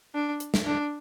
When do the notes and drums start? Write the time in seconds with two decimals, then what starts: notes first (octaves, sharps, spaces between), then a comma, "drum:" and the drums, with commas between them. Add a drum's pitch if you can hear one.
0.14 D4
0.40 drum: hi-hat
0.54 drum: snare
0.66 D4